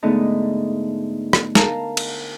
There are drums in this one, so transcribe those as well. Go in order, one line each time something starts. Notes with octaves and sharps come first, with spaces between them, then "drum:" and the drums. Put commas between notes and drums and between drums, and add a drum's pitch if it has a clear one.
G#2 D3 A3 B3 D#4 D#5
drum: rim click
A#4 F5 A5 A#5, drum: snare
drum: cymbal